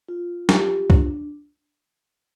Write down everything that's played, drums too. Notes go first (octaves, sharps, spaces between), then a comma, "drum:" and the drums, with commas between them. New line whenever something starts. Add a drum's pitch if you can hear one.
F4
G4, drum: snare
D4, drum: kick